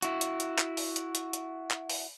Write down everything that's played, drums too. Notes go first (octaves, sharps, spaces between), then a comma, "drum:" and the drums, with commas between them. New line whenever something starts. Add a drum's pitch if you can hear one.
E4 F#4, drum: hi-hat
drum: hi-hat
drum: hi-hat
drum: clap
drum: open hi-hat
drum: hi-hat
drum: hi-hat
drum: hi-hat
drum: clap
drum: open hi-hat